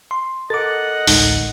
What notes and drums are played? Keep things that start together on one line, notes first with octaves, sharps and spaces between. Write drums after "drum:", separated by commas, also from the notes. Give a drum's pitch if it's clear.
C6
A4 A#4 D#5 F#5 D6 A6
A1 D2 G#3 D#4, drum: open hi-hat